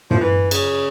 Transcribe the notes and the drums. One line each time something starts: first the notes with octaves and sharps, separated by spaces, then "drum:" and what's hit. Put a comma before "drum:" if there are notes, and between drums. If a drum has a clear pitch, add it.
F3, drum: tom
E3
C#3, drum: cymbal